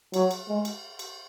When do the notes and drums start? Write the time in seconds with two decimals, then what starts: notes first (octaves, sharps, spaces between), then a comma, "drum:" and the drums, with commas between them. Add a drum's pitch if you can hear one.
0.14 F#3, drum: cymbal
0.31 drum: cymbal
0.48 G#3
0.65 drum: cymbal
0.99 drum: cymbal